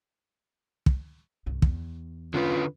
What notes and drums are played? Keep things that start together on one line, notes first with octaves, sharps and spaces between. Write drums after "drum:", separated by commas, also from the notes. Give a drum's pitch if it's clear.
drum: kick
C2 G2
E2, drum: kick
D3 C#4 F4 B4